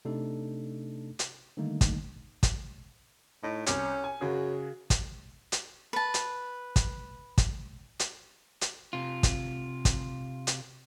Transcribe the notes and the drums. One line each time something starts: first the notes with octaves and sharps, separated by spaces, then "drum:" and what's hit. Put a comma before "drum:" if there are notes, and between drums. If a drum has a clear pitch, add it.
C3 A3 D4 D#4 A4
drum: hi-hat
D3 D#3 G3 A3 A#3 D#4
drum: kick, hi-hat
drum: kick, hi-hat
A2 D#4
C2 C#4 D6, drum: hi-hat
G#5
F#2 C#3 F#4 G#4
drum: kick, hi-hat
drum: hi-hat
B4 A5
drum: hi-hat
drum: kick, hi-hat
drum: kick, hi-hat
drum: hi-hat
drum: hi-hat
C3 F4
drum: kick, hi-hat
drum: kick, hi-hat
drum: hi-hat